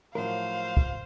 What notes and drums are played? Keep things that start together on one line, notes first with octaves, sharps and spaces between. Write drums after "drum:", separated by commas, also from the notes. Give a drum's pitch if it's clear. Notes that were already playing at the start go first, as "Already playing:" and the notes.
A2 F3 F#3 A#4 C5 F5
drum: kick